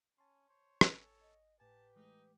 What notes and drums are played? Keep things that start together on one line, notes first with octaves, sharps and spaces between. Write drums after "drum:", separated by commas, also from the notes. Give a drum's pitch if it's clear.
C#4 A5 C6
C5 C#5
G#1 A4 G#5, drum: rim click
D#5
A2 G4 B4 G#5 A5
E3 G#3 A3 D#4